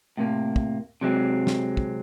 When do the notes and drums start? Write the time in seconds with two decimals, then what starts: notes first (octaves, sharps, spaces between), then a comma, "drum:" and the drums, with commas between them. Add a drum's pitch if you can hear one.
0.17 A2 C3 A#3
0.56 drum: kick
1.01 C3 F#3 G#3 C4
1.47 drum: snare
1.77 drum: kick